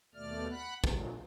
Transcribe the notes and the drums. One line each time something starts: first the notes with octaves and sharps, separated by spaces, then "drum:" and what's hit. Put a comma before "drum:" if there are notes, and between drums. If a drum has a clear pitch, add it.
D#2 B2 A3 D5 F6
F#5 B5 F#6
A#2 D3 F3 F#3 G#3, drum: kick